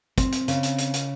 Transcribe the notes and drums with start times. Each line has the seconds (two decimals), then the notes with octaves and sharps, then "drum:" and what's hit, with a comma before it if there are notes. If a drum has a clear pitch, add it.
0.18 C4, drum: kick, hi-hat
0.32 drum: hi-hat
0.48 C#3, drum: hi-hat
0.63 drum: hi-hat
0.78 drum: hi-hat
0.94 drum: hi-hat